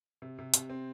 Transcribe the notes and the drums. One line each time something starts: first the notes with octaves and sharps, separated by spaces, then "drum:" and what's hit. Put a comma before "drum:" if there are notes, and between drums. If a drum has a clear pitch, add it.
C3
C3
C3, drum: hi-hat
C4